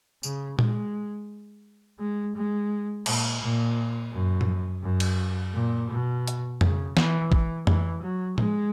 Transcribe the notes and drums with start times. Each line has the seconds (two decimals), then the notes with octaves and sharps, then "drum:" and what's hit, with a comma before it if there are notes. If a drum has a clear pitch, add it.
0.23 C#3, drum: tambourine
0.59 G#3, drum: tom A#2
1.99 G#3
2.36 G#3
3.06 A#2, drum: cymbal
3.42 A#2
4.13 F#2
4.41 drum: tom A2
4.83 F#2
5.00 drum: cymbal
5.54 A#2
5.89 B2
6.28 drum: hi-hat
6.61 C#3, drum: tom F2
6.97 E3, drum: snare
7.32 E3, drum: kick
7.67 E3, drum: tom F2
8.02 F#3
8.38 G#3, drum: tom A2